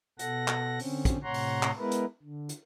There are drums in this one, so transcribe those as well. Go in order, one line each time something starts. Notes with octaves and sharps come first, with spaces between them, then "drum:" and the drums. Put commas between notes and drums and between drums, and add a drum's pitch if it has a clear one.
B2 A4 F#5 A#6, drum: hi-hat
drum: clap
D3 C4 C#4, drum: open hi-hat
drum: kick, hi-hat
A2 C3 C#5 F#5 A#5 C6
drum: open hi-hat
drum: clap
G#3 B3 E4 A#4 B4
drum: hi-hat
D3
drum: hi-hat